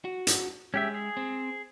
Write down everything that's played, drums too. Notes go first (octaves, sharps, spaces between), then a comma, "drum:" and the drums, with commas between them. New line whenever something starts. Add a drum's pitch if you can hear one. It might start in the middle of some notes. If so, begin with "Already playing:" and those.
F#4
drum: hi-hat
G#3 C#4 G4 E5
G#4
C4